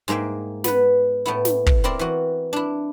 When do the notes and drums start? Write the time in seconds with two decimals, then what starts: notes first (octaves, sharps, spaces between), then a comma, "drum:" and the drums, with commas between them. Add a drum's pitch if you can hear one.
0.08 G#2 G#3 A#3 E5 G5
0.64 B3 B4, drum: snare
1.26 A2 B3 E4
1.45 drum: snare
1.66 drum: kick
1.84 C4 E4 A#4 D5
1.99 E3 F#4
2.53 D4 E4